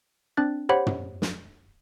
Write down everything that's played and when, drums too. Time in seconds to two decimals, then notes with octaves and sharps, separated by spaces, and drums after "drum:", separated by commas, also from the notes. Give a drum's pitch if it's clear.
0.37 C4 D4 F#6 A6
0.69 G4 C5 C#5 F#5 B5
0.87 drum: tom
1.22 drum: snare